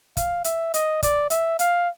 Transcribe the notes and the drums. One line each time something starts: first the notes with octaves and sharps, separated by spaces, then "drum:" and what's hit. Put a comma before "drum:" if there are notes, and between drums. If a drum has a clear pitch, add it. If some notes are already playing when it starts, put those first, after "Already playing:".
F5, drum: kick, hi-hat
E5, drum: hi-hat
D#5, drum: hi-hat
D5, drum: kick, hi-hat
E5, drum: hi-hat
F5, drum: hi-hat